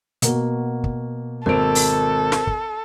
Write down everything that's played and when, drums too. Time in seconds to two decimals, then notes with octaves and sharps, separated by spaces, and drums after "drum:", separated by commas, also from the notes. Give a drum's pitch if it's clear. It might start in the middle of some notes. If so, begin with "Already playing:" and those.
0.22 B2 A#3 F#4, drum: hi-hat
0.84 drum: kick
1.46 G#1 A4 A#4 C5 D7
1.75 drum: open hi-hat
2.32 drum: snare
2.47 drum: kick